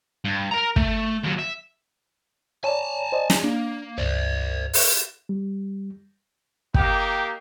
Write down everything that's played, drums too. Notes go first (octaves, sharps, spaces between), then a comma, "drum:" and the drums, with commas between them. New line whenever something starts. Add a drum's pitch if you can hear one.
G2
A#4 A#5
A3, drum: kick
D#2 F#3
E5
C#5 D5 G#5 A5
C5 D5 D#5
drum: snare
A#3 D4
C#2 G2 C5 D5
drum: open hi-hat
G3
A#3 D#4 G4 G5, drum: kick